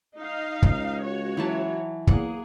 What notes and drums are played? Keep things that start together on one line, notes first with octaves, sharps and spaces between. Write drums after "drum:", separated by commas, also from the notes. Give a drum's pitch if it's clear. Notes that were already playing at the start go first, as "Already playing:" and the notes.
D#4 F5
C#2, drum: kick
F#4 C#5
E3 F#3 A5
E2 A#3 G#4 F#5, drum: kick